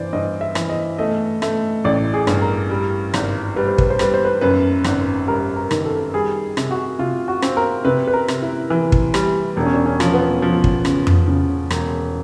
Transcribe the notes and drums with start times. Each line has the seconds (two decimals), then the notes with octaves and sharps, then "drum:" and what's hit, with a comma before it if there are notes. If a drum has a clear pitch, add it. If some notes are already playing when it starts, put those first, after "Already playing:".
Already playing: G2 E3 C5 D5
0.13 G2 D#5
0.41 E5
0.55 E3, drum: rim click
0.70 D#5
0.99 A3 D#5
1.42 A3, drum: rim click
1.85 A1 D5
2.14 G#4
2.27 G2, drum: rim click
2.42 A#4
2.70 G3
3.14 G#1, drum: rim click
3.56 G3 B4
3.67 C5
3.78 B4, drum: kick
3.90 C5
3.99 G3 B4, drum: rim click
4.14 C5
4.25 B4
4.41 F#2 B4
4.84 G#1, drum: rim click
5.28 G3 A#4
5.56 A#4
5.71 D#3, drum: rim click
5.85 A4
6.14 G3 G#4
6.57 C3, drum: rim click
6.71 F#4
6.99 C3 F4
7.28 F#4
7.42 C4, drum: rim click
7.57 A#4
7.85 C3 B4
8.07 B4
8.14 A#4
8.28 C3, drum: rim click
8.42 E4
8.70 E3
8.92 drum: kick
9.14 G3, drum: rim click
9.56 E1 D4
9.65 C#4
9.73 D4
9.86 C#4
10.00 F3, drum: rim click
10.14 B3
10.42 F3
10.64 drum: kick
10.85 C#3, drum: rim click
11.07 drum: tom F2
11.28 C#3
11.70 E1, drum: rim click